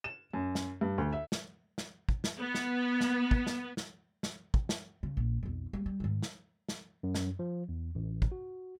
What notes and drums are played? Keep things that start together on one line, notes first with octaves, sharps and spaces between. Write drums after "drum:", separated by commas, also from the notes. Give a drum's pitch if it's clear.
E7
F#2
drum: snare
G2
D2
E5
drum: snare
drum: snare
drum: kick
drum: snare
B3
drum: snare
drum: snare
drum: kick
drum: snare
drum: snare
drum: snare
drum: kick
drum: snare
C#3
A#1
B1 F2
G3
G3
G#2 D#3
drum: snare
drum: snare
F#2
drum: snare
F3
E2
A1
drum: kick
F#4